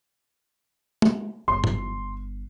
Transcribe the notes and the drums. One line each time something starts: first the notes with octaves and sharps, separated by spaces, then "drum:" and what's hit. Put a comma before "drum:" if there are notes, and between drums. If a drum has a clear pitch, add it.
drum: tom G#3
G1 C6
drum: tom